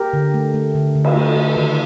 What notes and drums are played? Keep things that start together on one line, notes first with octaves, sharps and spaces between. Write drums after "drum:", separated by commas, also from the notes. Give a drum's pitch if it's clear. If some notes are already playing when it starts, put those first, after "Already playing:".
Already playing: G4 A#4
D3
A3
A3
D3
D3
drum: cymbal
A3
A3
D#3